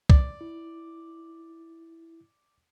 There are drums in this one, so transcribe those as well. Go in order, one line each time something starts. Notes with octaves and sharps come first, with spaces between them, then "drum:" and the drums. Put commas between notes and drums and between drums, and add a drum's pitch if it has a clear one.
D5, drum: kick C2
E4